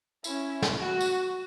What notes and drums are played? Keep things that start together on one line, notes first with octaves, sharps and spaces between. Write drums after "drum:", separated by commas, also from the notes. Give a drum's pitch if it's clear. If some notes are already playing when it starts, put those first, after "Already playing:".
C#4 E4, drum: tambourine
drum: snare
F#4
drum: tambourine